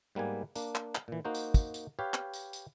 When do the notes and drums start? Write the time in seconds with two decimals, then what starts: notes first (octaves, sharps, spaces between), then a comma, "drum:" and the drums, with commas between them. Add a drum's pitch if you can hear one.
0.15 G#2 G3 A#3 B3 G#5
0.55 A#3 D4, drum: tambourine
0.75 drum: clap
0.95 drum: clap
1.08 A#2 E3
1.25 A#3 D#4 F#4 C5
1.35 drum: tambourine
1.54 drum: kick, tambourine
1.74 drum: tambourine
1.99 G4 B4 C#5 F5
2.14 drum: clap
2.33 drum: tambourine
2.53 drum: tambourine